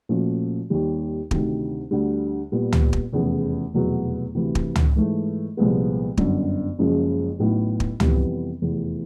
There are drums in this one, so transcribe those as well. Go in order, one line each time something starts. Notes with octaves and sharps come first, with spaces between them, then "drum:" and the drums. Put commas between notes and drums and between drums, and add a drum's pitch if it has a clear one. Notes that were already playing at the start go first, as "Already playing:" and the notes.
A#2 F3 A3 C#4 F#4
D#2 D#3 G3
D2 C3 D#3, drum: kick
D2 D3 G3
A#2 G3 B3
drum: tom C#2
drum: kick
F1 E2 C#3 E3
F1 E2 B2 F#3 B3
D2 C3 E3
drum: kick
drum: tom C#2
G#2 E3 A3
C2 A#2 F3 G#3 B3
G1 F#2 D3, drum: kick
F#1 F#2 C#3 F3 G#3
A1 A2 F#3 B3 D#4
drum: kick
F2 C3 E3 G3 B3, drum: tom C#2
F1 E2 C3 E3